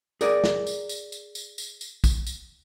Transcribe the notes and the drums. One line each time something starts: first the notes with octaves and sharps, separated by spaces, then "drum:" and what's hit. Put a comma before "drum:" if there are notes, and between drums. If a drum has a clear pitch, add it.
G#4 A#4 D5, drum: tambourine
drum: snare
drum: tambourine
drum: tambourine
drum: tambourine
drum: tambourine
drum: tambourine
drum: tambourine
drum: kick, tambourine
drum: tambourine